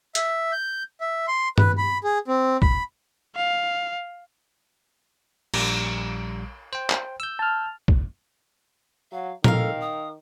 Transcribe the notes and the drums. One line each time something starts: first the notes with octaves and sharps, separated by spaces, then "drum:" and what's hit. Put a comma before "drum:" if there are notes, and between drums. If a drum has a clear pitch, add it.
E5, drum: hi-hat
G6
E5
C6
B4, drum: tom G2
B5
G#4
C4
B5, drum: kick
F5
A#1 G3 A#5, drum: cymbal
C5 G5
drum: clap
E6 G6
A5 F6
drum: kick
F#3 F5
D#3 A4 A#4 F5, drum: tom A#2
D#6